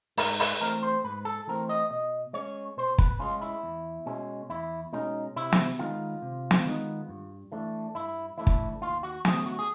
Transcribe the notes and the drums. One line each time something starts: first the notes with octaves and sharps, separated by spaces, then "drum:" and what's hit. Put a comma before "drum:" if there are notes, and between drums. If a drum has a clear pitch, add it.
G#2 A#4, drum: open hi-hat
B4, drum: open hi-hat
E3 A3 C4 A#4
C5
G#2 B4
A4
E3 A3 C4 A#4
D#5
B2 D#5
G#3 C#4 C#5
B2 C5
B4, drum: kick
G#3 C#4 F4
E4
E2
B2 G#3 C#4
E2 E4
B2 G#3 C#4 D#4
C3 E4
drum: snare
D#3 G#3 B3 D#4 F4
C3
drum: snare
D#3 G#3 B3 D#4
G2
E3 A3 D4
G2 E4
E3 A3 D4 E4
drum: kick
D#2 F4
F#4
D3 F#3 A3 G#4, drum: snare
F#4
G#4